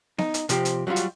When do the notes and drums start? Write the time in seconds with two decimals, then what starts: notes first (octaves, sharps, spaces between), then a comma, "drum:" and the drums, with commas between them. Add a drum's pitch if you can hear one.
0.18 D#4, drum: snare B3
0.34 drum: hi-hat
0.49 C3 F3 C4 G4, drum: hi-hat
0.65 drum: hi-hat
0.87 F#3 G3 D#4 F4 F#4
0.96 drum: hi-hat